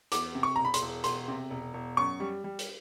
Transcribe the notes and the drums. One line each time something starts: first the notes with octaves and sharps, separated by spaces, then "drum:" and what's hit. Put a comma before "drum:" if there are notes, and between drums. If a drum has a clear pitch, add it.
E2 D6, drum: hi-hat
C3
C#6
E1 A#5
B5
C6, drum: hi-hat
E1
E1 C6, drum: hi-hat
C3
E1
E1
F#2 C#6
G3
G3
drum: hi-hat